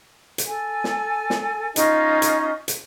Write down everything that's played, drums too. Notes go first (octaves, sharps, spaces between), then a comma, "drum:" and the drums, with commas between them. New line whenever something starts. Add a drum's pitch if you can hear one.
drum: hi-hat
A4 G#5
drum: snare
drum: snare
C#4 D#4 F4 D#5, drum: hi-hat
drum: hi-hat
drum: hi-hat